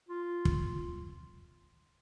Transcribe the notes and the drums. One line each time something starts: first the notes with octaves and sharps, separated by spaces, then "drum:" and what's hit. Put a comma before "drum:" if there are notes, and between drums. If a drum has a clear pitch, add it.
F4
drum: kick